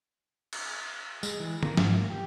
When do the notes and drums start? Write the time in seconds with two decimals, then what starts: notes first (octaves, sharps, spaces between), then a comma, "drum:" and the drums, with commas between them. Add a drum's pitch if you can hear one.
0.53 drum: cymbal
1.23 G#3, drum: tambourine
1.40 E3
1.63 A#3, drum: tom D3
1.77 G#2, drum: snare
1.97 A#3
2.10 G4